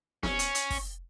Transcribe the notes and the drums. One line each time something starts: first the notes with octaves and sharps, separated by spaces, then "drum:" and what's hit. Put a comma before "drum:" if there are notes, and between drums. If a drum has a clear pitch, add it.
C#4, drum: snare
drum: hi-hat
drum: hi-hat
drum: kick, open hi-hat